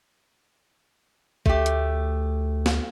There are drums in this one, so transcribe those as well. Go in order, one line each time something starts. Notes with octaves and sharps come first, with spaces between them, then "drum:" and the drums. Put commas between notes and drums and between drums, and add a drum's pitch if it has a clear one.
D2 A3 G4, drum: kick
drum: hi-hat
drum: snare